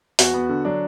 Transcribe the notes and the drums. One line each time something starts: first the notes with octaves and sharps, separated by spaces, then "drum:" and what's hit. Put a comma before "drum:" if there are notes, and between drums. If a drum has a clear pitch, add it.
E2 F#4, drum: open hi-hat
B3
D3
F#3 D4